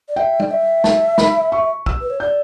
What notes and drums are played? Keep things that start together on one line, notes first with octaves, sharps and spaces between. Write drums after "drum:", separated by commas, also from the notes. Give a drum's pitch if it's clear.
D5
E5 G5
D5, drum: tom G3
E5
A5, drum: snare
B5, drum: snare
C#6
E6, drum: kick
B4
C#5
D5 G6